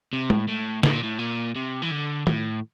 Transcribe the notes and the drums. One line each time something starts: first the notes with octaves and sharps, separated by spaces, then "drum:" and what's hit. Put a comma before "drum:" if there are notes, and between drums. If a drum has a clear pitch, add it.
C3
A2, drum: tom
A2
A2, drum: snare
A#2
A2
A#2
C3
E3
D3
A2, drum: tom